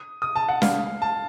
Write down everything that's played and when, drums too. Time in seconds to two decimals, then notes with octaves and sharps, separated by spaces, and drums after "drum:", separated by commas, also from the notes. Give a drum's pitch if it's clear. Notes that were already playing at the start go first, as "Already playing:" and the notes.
Already playing: D#6
0.22 D#6
0.36 A5
0.48 F#5
0.62 F5, drum: snare
1.02 A5